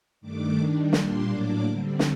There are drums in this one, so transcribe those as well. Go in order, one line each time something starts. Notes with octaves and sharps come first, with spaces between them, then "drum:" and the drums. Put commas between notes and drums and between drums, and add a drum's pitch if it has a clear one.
G2 D#3 A3 D4 D6
D#3 G3 D4
A#2 G3 A#3 D4 C6, drum: snare
A2 F#3 A#3 D4 D6
D3 G3 C4
drum: snare